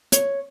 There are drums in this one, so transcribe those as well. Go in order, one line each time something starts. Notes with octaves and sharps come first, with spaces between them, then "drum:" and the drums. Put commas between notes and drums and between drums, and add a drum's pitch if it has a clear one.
C#5, drum: hi-hat